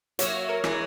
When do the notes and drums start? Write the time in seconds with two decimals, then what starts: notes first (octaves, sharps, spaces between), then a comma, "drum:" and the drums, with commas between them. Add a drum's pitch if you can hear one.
0.19 F#3 A#3 C#5 E5, drum: hi-hat
0.49 A#4 C#5
0.64 E3 G#3, drum: rim click